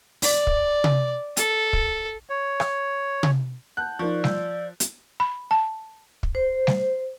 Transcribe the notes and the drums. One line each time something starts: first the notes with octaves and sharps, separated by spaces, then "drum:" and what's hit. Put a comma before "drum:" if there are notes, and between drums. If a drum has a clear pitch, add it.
D5, drum: open hi-hat
drum: kick
drum: tom C3
A4, drum: hi-hat
drum: kick
C#5
drum: rim click
drum: tom C3
F#5 A5 F#6 G6
F3 D#4 A#4 D5 C#6
E6 G6, drum: snare G3
drum: hi-hat
B5
A5
drum: kick
C5
drum: snare G3